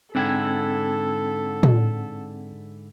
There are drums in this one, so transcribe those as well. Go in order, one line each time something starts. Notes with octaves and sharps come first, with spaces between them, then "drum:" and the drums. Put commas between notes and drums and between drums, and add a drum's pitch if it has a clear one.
G#2 D3 C4 E4 A4 G5 G#6
drum: tom